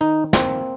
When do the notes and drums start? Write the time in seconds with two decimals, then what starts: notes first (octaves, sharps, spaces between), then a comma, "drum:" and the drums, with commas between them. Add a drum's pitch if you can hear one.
0.01 D#3 D#4
0.33 A#3 C4, drum: snare